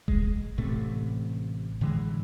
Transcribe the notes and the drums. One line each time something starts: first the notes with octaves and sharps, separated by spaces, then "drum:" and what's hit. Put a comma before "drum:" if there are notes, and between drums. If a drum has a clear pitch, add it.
G#3, drum: kick D#1
A1 A2 C3 A3
A2 D3 E3 G#3